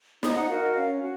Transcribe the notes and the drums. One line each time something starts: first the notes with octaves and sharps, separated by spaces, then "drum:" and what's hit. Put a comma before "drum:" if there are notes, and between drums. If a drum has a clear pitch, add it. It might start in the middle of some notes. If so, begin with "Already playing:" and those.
D#4 D#6, drum: snare
F#5
F#4 A#4 F5
D#5
C#4 F5
F#4